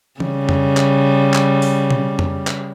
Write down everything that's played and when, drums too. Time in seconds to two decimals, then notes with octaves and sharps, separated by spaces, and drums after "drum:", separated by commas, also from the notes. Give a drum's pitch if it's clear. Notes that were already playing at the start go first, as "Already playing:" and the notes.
0.20 C#3 G3, drum: tom E3
0.49 drum: tom F2
0.77 drum: clap
1.34 drum: clap
1.62 drum: open hi-hat
1.90 drum: tom B2
2.19 drum: tom F2
2.47 drum: clap